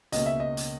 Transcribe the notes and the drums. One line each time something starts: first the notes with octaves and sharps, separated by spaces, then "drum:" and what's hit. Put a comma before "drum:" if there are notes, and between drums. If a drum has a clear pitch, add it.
C#2 B2 A#3 C#4 D#5, drum: hi-hat
E5
D#5
drum: hi-hat